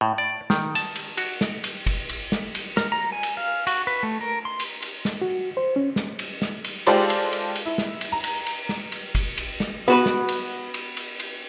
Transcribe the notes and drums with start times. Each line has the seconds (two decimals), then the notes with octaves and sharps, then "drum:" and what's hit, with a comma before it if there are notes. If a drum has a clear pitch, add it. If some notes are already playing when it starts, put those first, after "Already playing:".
0.01 A2
0.18 D5
0.50 D#3, drum: snare
0.75 A5, drum: cymbal
0.95 drum: cymbal
1.17 F#4, drum: cymbal
1.41 drum: snare
1.64 drum: cymbal
1.86 drum: kick, cymbal
2.09 drum: cymbal
2.32 drum: snare
2.55 drum: cymbal
2.77 A#4, drum: snare
2.92 A#5
3.12 G#5
3.23 drum: cymbal
3.37 F5
3.67 F#4, drum: cymbal
3.87 B4
4.03 A3
4.21 A#4
4.45 C6
4.60 drum: cymbal
4.82 drum: cymbal
5.05 drum: snare
5.22 F#4
5.57 C5
5.76 C#4
5.96 drum: snare
6.19 drum: cymbal
6.42 drum: snare
6.64 drum: cymbal
6.86 G#3 F4 G4 A4 C5 D5, drum: cymbal
7.10 drum: cymbal
7.33 drum: cymbal
7.55 drum: cymbal
7.66 E4
7.78 drum: snare
8.01 drum: cymbal
8.12 A#5
8.24 drum: cymbal
8.46 drum: cymbal
8.69 drum: snare
8.92 drum: cymbal
9.15 drum: kick, cymbal
9.37 drum: cymbal
9.60 drum: snare
9.88 B3 F#4 B4
10.06 drum: snare
10.29 drum: cymbal
10.74 drum: cymbal
10.97 drum: cymbal
11.20 drum: cymbal